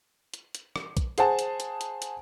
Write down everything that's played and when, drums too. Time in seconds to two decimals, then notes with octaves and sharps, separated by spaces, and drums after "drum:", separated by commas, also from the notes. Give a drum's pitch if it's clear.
0.34 drum: hi-hat
0.55 drum: hi-hat
0.76 drum: rim click
0.97 drum: kick, hi-hat
1.18 G#4 C5 F#5 G#5 A5, drum: hi-hat
1.39 drum: hi-hat
1.60 drum: hi-hat
1.81 drum: hi-hat
2.02 drum: hi-hat